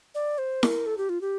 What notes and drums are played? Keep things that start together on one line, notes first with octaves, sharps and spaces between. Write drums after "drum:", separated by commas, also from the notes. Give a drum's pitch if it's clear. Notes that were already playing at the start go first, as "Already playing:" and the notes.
D5
C5
A#4, drum: snare E4
A4
G4
F4
G4